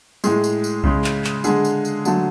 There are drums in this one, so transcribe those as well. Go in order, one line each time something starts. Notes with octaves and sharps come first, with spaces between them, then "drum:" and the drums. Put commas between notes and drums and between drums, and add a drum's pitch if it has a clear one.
A2 G#3 G#4, drum: tambourine
drum: tambourine
drum: tambourine
C#3 G#3, drum: kick C2
drum: clap
drum: clap
D3 G#3 G#4, drum: tambourine
drum: tambourine
drum: tambourine
D3 F#3 A3, drum: tambourine